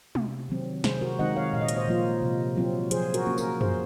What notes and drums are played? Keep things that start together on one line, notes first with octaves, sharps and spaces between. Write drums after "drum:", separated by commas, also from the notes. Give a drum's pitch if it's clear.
C3, drum: tom
D#3 F#3 C4
C3 G#4 C5, drum: snare
F#4 A#4
D#3 G#3 C4 D#4 D#5 F#5
C#5 F5
A#2 F5
D#5
C#5, drum: hi-hat
C5 D#5
F3 A#3 F4
C3
F#3 C4 F4
F3 G#4 C5, drum: hi-hat
F#4 A#4, drum: hi-hat
A#3 C#4
F#4 A#4, drum: tambourine
F3 G#4 C5, drum: tom